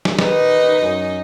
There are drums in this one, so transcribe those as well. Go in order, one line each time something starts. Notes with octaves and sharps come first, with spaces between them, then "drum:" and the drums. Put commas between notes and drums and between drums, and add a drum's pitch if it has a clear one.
drum: snare
D#3 D#4 G4 B4, drum: snare
F#2